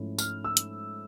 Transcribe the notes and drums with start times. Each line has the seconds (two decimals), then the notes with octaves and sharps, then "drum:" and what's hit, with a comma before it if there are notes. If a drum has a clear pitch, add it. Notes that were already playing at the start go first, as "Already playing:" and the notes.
Already playing: G#2 F3 A3 C#4 E4
0.18 F6, drum: tambourine
0.44 E6
0.57 drum: hi-hat